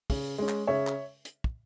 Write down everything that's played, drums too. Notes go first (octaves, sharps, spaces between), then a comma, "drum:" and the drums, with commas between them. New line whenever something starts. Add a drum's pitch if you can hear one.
C#3, drum: kick, open hi-hat
G#3 C#4
drum: clap
C#3 C#5 E5
drum: clap
drum: hi-hat
drum: kick